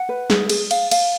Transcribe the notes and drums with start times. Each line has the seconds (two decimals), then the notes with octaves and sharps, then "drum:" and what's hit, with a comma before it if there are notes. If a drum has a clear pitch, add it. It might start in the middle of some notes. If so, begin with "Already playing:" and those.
Already playing: F#5
0.09 B4
0.30 G#4, drum: snare
0.49 G#4, drum: cymbal
0.71 F5, drum: cymbal
0.91 F5, drum: cymbal